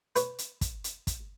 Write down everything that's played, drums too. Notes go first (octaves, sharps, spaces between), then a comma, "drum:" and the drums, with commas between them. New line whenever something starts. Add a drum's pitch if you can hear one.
B4 C#5, drum: hi-hat
drum: hi-hat
drum: kick, hi-hat
drum: hi-hat
drum: kick, hi-hat